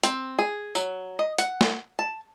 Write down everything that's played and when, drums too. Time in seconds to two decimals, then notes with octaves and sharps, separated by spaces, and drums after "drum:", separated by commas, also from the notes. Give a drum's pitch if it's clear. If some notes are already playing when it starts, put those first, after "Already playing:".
0.03 C4, drum: hi-hat
0.39 G#4
0.75 F#3, drum: tambourine
1.19 D#5
1.38 F#5, drum: hi-hat
1.61 drum: snare
1.99 A5